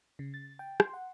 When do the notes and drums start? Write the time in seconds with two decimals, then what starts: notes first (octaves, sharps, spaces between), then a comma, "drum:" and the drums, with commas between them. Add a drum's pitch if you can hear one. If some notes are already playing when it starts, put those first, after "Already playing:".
0.19 C#3
0.34 A6
0.59 G5
0.80 C6, drum: rim click
0.94 F#5